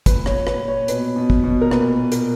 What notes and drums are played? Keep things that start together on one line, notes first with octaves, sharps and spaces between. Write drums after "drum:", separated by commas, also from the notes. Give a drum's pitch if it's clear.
A#2 B4, drum: kick, hi-hat
C#5, drum: rim click
A#2
B4, drum: rim click
A#2
C#5
B2 B4, drum: hi-hat
B2
drum: kick
B2
A#4
A#2 B4, drum: rim click
A#2
A#4, drum: hi-hat